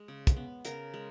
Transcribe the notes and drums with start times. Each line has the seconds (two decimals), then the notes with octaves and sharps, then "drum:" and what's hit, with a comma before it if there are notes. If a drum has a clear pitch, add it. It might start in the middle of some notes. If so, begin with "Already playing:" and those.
Already playing: G#3
0.08 C#3
0.27 drum: kick, hi-hat
0.36 B3
0.65 C#3 A#4, drum: hi-hat
0.94 G#3